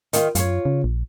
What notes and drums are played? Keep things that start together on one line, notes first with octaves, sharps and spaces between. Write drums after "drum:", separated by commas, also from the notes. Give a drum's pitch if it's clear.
D#3 F4, drum: hi-hat
F#2 F4 C#5, drum: hi-hat
C#3
A#1